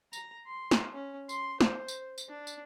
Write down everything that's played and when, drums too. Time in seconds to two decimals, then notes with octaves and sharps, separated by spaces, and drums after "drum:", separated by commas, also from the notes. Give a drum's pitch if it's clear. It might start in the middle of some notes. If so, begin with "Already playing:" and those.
0.13 A#5, drum: tambourine
0.47 C6
0.71 drum: snare
0.93 C#4
1.29 C6, drum: tambourine
1.61 C5, drum: snare
1.88 drum: tambourine
2.18 drum: tambourine
2.28 D4
2.47 drum: tambourine